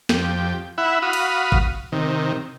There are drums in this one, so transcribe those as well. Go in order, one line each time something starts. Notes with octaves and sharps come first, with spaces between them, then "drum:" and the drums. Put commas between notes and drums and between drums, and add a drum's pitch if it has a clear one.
F2 G4, drum: snare
E4 E5 F#5 B5
F#4 F5 B5 D#6
drum: cymbal
drum: kick
C3 D#3